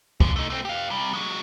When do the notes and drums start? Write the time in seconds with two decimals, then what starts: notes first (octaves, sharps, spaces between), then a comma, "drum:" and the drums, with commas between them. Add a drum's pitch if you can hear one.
0.20 A#2 D3, drum: kick
0.36 A3 D#4
0.50 A3 C4
0.65 G4 F5
0.90 C3 G3
1.13 F#3 G#3